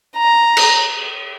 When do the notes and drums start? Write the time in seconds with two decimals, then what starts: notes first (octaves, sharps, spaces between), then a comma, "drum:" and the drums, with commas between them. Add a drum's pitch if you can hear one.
0.17 A#5
0.57 drum: cymbal